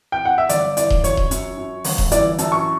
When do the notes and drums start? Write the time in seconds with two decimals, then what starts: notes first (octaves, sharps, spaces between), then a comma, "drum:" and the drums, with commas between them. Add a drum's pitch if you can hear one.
0.12 G5
0.25 F#5
0.38 E5
0.49 G1 D5, drum: hi-hat
0.77 E3 D5, drum: hi-hat
0.90 drum: kick D#1
1.04 F#2 C#5, drum: hi-hat
1.17 drum: kick D#1
1.31 F#2, drum: hi-hat
1.57 F#2
1.84 G1, drum: open hi-hat
1.98 drum: kick D#1
2.11 E3 D5, drum: hi-hat
2.38 F#2 A5, drum: hi-hat
2.52 C#6